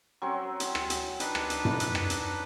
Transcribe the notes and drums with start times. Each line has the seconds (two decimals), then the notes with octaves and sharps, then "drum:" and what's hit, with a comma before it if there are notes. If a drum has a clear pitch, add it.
0.22 F#3 C4 C#4
0.60 drum: hi-hat
0.75 drum: rim click
0.90 drum: hi-hat
1.20 D4 D#4 B4, drum: hi-hat
1.35 drum: rim click
1.50 drum: hi-hat
1.65 drum: tom F#2
1.80 drum: hi-hat
1.95 drum: rim click
2.10 drum: hi-hat